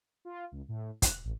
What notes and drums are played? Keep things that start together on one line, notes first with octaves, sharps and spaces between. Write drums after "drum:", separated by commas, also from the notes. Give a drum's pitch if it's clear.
F4
C#2
A2
F#6, drum: kick, hi-hat
A1